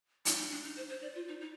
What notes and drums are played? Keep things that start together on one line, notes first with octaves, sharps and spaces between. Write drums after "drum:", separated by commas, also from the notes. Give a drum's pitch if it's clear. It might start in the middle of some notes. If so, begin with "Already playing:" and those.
D#4, drum: hi-hat
D#4
D4
D#4
C5
C5
D5
F4
D#4
D#4